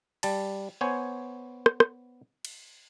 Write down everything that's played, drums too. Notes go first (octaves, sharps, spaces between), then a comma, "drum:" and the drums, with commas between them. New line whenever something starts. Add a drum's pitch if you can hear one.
G3 A5, drum: cymbal
B3 C5 C#5 G#5
drum: rim click
drum: rim click
drum: cymbal